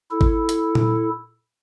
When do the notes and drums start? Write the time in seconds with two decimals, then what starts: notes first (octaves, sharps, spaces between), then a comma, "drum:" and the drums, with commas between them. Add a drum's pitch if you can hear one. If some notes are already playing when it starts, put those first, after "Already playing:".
0.11 E4 A4
0.21 drum: kick G#1
0.49 drum: hi-hat
0.75 drum: tom A#2